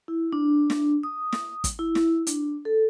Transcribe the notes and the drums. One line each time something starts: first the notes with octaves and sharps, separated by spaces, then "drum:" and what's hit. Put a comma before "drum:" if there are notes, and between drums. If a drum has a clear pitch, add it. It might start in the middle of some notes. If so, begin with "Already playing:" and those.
E4
D4
drum: snare
D#6
drum: snare
drum: kick, hi-hat
E4
drum: snare
D4, drum: hi-hat
A4